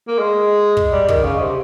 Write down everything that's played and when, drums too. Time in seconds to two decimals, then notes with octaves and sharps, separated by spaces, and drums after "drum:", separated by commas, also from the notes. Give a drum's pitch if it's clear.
0.08 A#3
0.19 G#3
0.77 drum: kick
0.92 G3
1.08 D#3, drum: kick
1.24 C#3
1.40 C3